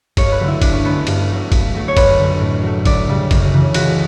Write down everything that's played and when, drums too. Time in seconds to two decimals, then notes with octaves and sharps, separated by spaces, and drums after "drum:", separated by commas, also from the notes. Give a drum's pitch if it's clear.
0.17 G2 C#5, drum: kick, cymbal
0.32 B4
0.40 D3 F#3 A3
0.48 E4
0.62 G2 D4, drum: kick, cymbal
0.73 C#4
0.84 D3 F#3 A3 B3
1.07 G2, drum: cymbal
1.29 F#3 A3
1.52 G2, drum: kick, cymbal
1.74 F#3 A3
1.88 C#5
1.97 F#2 B4, drum: kick, cymbal
2.19 D3 A3
2.40 A2
2.63 F#3 A3
2.85 D2 D5, drum: kick, cymbal
3.08 C#3 G3
3.31 F#2, drum: kick, cymbal
3.53 C#3 E3 A3
3.74 C#2 F#4, drum: cymbal